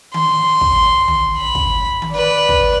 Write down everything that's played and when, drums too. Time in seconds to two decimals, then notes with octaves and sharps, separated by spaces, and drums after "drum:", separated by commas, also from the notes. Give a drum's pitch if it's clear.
0.14 C6, drum: tom D#3
0.61 drum: kick
1.08 drum: tom
1.37 B5
1.55 drum: kick
2.02 drum: tom D#3
2.12 B4 D5
2.49 drum: kick